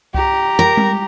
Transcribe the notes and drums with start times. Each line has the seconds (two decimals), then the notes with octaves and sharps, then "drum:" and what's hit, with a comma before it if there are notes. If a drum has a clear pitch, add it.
0.15 G4 A#5, drum: kick C2
0.59 A#4
0.77 drum: tom G3